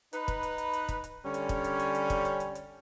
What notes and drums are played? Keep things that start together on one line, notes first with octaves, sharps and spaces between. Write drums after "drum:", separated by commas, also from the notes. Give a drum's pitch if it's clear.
D#4 B4, drum: hi-hat
drum: kick, hi-hat
drum: hi-hat
drum: hi-hat
drum: hi-hat
drum: kick, hi-hat
drum: hi-hat
D3 G3 C#4
drum: hi-hat
drum: kick, hi-hat
drum: hi-hat
drum: hi-hat
drum: hi-hat
drum: kick, hi-hat
drum: hi-hat
drum: hi-hat
drum: hi-hat